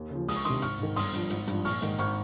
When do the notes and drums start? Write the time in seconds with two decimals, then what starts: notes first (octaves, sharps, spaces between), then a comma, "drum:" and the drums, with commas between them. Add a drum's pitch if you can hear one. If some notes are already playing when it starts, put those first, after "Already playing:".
Already playing: D#2
0.10 C#3 F3
0.28 C#2 D#6, drum: open hi-hat
0.36 C#6
0.45 C3 D#3 C6 D#6, drum: hi-hat
0.62 G#1 C#6 F6, drum: hi-hat
0.79 G#2 D#3
0.96 G1 C6 D#6, drum: open hi-hat
1.13 G2 F3, drum: hi-hat
1.30 G#1, drum: hi-hat
1.47 G2 F3, drum: hi-hat
1.65 A#1 C#6 F6, drum: open hi-hat
1.82 G#2 D#3, drum: hi-hat
1.99 G#1 C#6 F6, drum: hi-hat